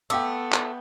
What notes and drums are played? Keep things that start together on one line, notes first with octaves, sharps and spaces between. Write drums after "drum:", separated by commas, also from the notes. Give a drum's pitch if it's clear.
A3 B3 E5 F5 G5 D6 E6
drum: clap